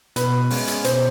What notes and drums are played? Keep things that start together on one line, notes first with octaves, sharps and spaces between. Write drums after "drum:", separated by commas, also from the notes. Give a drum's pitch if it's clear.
B2 B4, drum: hi-hat
G#3 C#4, drum: open hi-hat
drum: hi-hat
B2 C5, drum: hi-hat